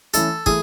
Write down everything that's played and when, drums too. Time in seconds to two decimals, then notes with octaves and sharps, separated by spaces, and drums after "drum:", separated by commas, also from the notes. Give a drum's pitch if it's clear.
0.14 E3 A3 C#4 E4 A4, drum: hi-hat
0.46 E3 A3 G#4, drum: kick